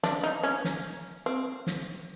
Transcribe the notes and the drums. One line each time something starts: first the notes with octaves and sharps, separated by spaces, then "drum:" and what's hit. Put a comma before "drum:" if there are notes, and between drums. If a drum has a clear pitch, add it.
D4, drum: snare
D#4
C#4
drum: snare
C4
drum: snare